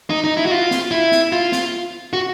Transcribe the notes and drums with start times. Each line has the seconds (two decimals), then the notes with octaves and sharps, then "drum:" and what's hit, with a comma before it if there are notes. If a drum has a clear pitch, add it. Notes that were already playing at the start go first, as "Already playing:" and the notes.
0.10 D#4
0.24 D#4
0.37 E4
0.46 F#4
0.51 F4
0.71 drum: snare
0.91 E4
1.12 drum: snare
1.33 F4
1.52 drum: snare
2.13 F#4